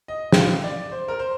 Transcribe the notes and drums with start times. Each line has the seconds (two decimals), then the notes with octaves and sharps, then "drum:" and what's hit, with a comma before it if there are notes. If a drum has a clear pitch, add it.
0.08 D#5
0.32 G5, drum: snare
0.37 F5
0.64 D5
0.92 C5
1.08 A#4
1.19 C5